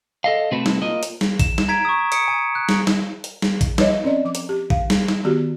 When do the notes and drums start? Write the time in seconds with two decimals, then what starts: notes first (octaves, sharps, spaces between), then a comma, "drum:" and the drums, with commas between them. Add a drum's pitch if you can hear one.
0.24 A4 D#5 F5
0.51 C3 A3 C4 F#4 B4
0.66 drum: snare
0.82 A#3 F4 D#5
1.03 drum: hi-hat
1.21 drum: snare
1.40 E7, drum: kick A#1, hi-hat
1.58 drum: snare
1.68 A#5 G#6 B6 D7
1.85 C#6 D#6
2.12 D#6 C#7 D7, drum: hi-hat
2.28 G#5
2.55 F#6
2.69 drum: snare
2.87 drum: snare
3.24 drum: hi-hat
3.42 drum: snare
3.61 drum: kick A#1, hi-hat
3.78 F3 B4 C#5 D#5 E5, drum: snare
4.04 C4 C#4 B4 D5 D#5
4.25 F3 D6
4.35 drum: hi-hat
4.49 G4
4.70 F5, drum: kick A#1
4.90 drum: snare
5.08 drum: snare
5.24 D#3 B3 F#4 G4